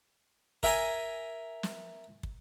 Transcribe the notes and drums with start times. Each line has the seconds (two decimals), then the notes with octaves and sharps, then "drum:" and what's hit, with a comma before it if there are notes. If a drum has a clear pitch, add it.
0.63 A#4 E5 G5 G#5 A#5, drum: kick
1.63 drum: snare
2.23 drum: kick